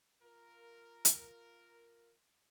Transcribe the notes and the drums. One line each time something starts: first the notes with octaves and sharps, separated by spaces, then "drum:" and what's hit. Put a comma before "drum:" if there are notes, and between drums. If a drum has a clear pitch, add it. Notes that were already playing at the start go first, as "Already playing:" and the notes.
F4 A#4
drum: hi-hat